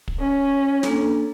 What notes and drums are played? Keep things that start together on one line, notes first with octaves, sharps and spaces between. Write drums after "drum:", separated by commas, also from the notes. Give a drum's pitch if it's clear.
drum: kick
C#4
A#3 D4 A4, drum: snare